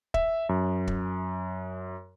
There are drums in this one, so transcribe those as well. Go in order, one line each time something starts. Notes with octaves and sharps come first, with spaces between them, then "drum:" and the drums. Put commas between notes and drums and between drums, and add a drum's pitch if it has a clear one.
E5, drum: kick
F#2
drum: kick